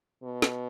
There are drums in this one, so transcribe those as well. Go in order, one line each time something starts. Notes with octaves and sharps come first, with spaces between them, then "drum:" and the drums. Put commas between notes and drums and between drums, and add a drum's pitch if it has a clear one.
B2
drum: snare